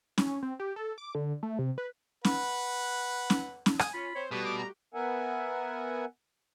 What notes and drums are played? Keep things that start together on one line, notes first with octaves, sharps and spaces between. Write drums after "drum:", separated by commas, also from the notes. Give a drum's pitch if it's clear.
C#4, drum: snare
C4
G4
A4
D6
D3
A3
C3
B4
B4 F#5, drum: snare
drum: snare
drum: snare
G#5 D#6, drum: rim click
C#4 F4 B5
C4 C5 C#5
B2 G3 A3 F#4 G4 B4
D6
A#5
B3 A#4 E5 F#5 G#5